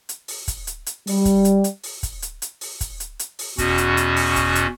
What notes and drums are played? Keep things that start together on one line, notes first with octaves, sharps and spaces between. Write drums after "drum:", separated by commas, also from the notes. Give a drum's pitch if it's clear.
drum: hi-hat
drum: open hi-hat
drum: kick, hi-hat
drum: hi-hat
drum: hi-hat
G3, drum: open hi-hat
drum: kick, hi-hat
drum: hi-hat
drum: hi-hat
drum: open hi-hat
drum: kick, hi-hat
drum: hi-hat
drum: hi-hat
drum: open hi-hat
drum: kick, hi-hat
drum: hi-hat
drum: hi-hat
drum: open hi-hat
E2 B2 C#4 F#4, drum: kick, hi-hat
drum: hi-hat
drum: hi-hat
drum: open hi-hat
drum: kick, hi-hat
drum: hi-hat